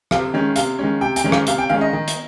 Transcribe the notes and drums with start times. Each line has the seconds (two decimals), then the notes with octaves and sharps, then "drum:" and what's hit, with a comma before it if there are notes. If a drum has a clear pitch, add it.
0.11 C3 F5, drum: rim click
0.34 D#3 G#3 C#4
0.56 C3 F5, drum: hi-hat
0.79 D#3 G#3 C#4
1.01 C3 G5
1.16 G5, drum: hi-hat
1.24 D#3 G#3 C#4
1.32 F5, drum: rim click
1.47 C3 F5, drum: hi-hat
1.58 G5
1.69 D#3 G#3 C#4 F5
1.81 D#5
1.93 D#3
2.08 drum: hi-hat